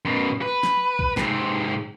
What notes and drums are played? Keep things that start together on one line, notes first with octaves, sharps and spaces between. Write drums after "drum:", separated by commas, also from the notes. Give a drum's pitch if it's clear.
F#2 B2
B4
drum: snare
drum: kick
G#2 C3, drum: snare